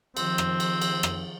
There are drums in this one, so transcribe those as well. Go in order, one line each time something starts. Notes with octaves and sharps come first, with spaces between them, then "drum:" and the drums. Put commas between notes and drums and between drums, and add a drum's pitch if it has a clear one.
D#3 F3 C4, drum: cymbal
drum: rim click
drum: cymbal
drum: cymbal
drum: rim click